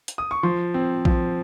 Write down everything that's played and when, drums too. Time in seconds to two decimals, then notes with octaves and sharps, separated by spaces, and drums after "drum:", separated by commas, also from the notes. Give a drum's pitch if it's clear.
0.08 drum: hi-hat
0.18 D#6
0.31 C#6
0.43 F3 C6
0.74 C4
1.05 F3, drum: kick A#1